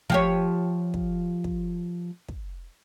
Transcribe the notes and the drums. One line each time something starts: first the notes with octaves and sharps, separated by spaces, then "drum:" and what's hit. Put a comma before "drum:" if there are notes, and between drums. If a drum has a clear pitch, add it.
F3 G4 C#5, drum: kick
drum: kick
drum: kick
drum: kick